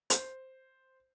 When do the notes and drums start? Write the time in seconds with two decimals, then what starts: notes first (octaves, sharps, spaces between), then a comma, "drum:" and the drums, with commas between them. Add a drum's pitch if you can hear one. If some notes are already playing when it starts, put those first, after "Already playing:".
0.10 C5, drum: hi-hat